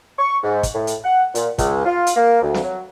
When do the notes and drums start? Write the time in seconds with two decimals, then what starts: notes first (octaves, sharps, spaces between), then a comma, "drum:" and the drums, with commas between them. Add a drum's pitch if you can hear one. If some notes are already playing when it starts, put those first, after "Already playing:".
0.19 C#6
0.44 G#2
0.63 drum: kick, hi-hat
0.75 A2
0.87 drum: hi-hat
1.05 F#5
1.35 A#2, drum: hi-hat
1.58 C#2, drum: kick, hi-hat
1.86 F4
2.07 drum: hi-hat
2.16 A#3
2.42 D2
2.54 drum: snare
2.64 F#3